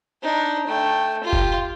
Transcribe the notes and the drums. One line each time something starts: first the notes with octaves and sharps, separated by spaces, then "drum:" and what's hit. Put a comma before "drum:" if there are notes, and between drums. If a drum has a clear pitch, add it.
D4 D#4
A3 G5
F4 G4
drum: kick F#1